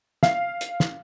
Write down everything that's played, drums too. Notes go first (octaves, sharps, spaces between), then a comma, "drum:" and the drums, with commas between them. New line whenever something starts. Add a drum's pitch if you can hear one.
F5, drum: snare
drum: hi-hat
drum: snare